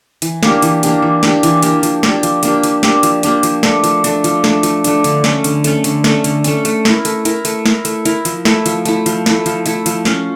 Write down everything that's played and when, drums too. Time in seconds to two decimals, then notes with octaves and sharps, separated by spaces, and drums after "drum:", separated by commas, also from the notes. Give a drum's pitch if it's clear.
0.22 E3, drum: hi-hat
0.43 A#3 D4 G4, drum: snare
0.62 E3, drum: hi-hat
0.83 A#3 D4 G4, drum: hi-hat
1.02 E3
1.23 A#3 D4 G4, drum: snare
1.43 E3, drum: hi-hat
1.62 A#3 D4 G4, drum: hi-hat
1.83 F3, drum: hi-hat
2.03 A#3 D4 G4, drum: snare
2.23 F3, drum: hi-hat
2.43 A#3 D4 G4, drum: hi-hat
2.63 F3, drum: hi-hat
2.83 A#3 D4 G4, drum: snare
3.03 F3, drum: hi-hat
3.23 A#3 D4 G4, drum: hi-hat
3.43 F3, drum: hi-hat
3.63 A3 D4, drum: snare
3.84 F3, drum: hi-hat
4.04 A3 D4, drum: hi-hat
4.24 F3, drum: hi-hat
4.44 A3 D4, drum: snare
4.63 F3, drum: hi-hat
4.84 A3 D4, drum: hi-hat
5.04 D3, drum: hi-hat
5.24 A3 C#4, drum: snare
5.44 D3, drum: hi-hat
5.64 A3 C#4, drum: hi-hat
5.84 D3, drum: hi-hat
6.04 A3 C#4, drum: snare
6.24 D3, drum: hi-hat
6.44 A3 C#4, drum: hi-hat
6.65 A3, drum: hi-hat
6.85 E4 A#4, drum: snare
7.05 A3, drum: hi-hat
7.25 E4 A#4, drum: hi-hat
7.45 A3, drum: hi-hat
7.66 E4 A#4, drum: snare
7.85 A3, drum: hi-hat
8.05 E4 A#4, drum: hi-hat
8.25 F3, drum: hi-hat
8.45 A3 E4, drum: snare
8.66 F3, drum: hi-hat
8.86 A3 E4, drum: hi-hat
9.06 F3, drum: hi-hat
9.26 A3 E4, drum: snare
9.46 F3, drum: hi-hat
9.66 A3 E4, drum: hi-hat
9.86 F3, drum: hi-hat
10.05 C#4 F4, drum: snare